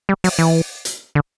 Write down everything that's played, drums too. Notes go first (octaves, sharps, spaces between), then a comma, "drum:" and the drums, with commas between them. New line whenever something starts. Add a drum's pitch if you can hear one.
G3
F#3, drum: open hi-hat
E3
drum: hi-hat
D3